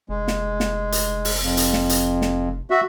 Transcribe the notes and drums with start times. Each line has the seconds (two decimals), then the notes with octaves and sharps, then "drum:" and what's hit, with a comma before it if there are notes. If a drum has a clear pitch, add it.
0.09 F1 G#3
0.28 drum: snare
0.60 drum: snare
0.92 drum: hi-hat
1.25 drum: open hi-hat
1.42 F2
1.57 drum: hi-hat
1.73 drum: snare
1.89 drum: hi-hat
2.22 drum: snare
2.70 F#4 E5